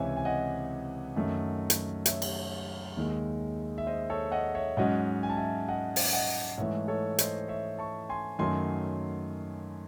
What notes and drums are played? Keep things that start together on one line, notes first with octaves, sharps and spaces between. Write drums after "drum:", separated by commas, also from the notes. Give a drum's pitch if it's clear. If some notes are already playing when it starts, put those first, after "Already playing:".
Already playing: C#2 C3 E3 C4 C#5 E5 G#5
G#5
D#5 F#5
F#2 D#3 A3
drum: hi-hat
C#5 E5, drum: hi-hat
drum: cymbal
D#2 D#3 G#3
E5
C5 D#5
A4 C#5
D#5 F#5
C#5 E5
G#2 F#3 C#4 D#5 F#5
G#5
A5
E5 G#5
D#5 F#5
drum: open hi-hat
D#5 F#5
G#2 E3 A3 C#5 E5
A4 C#5
C5 D#5, drum: hi-hat
C#5 E5
A5 C#6
G#5 C6
F#2 D#3 F#3 A3 G#5 C6